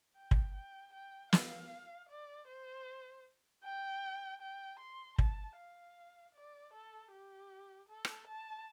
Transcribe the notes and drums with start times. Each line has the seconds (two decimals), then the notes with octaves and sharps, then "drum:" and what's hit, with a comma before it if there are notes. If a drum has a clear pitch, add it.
0.16 G5
0.31 drum: kick
0.54 G5
0.93 G5
1.33 F5, drum: snare
2.09 D5
2.48 C5
3.64 G5
4.41 G5
4.79 C6
5.18 A5, drum: kick
5.57 F5
6.35 D5
6.73 A4
7.12 G4
7.89 A4
8.05 drum: rim click
8.27 A5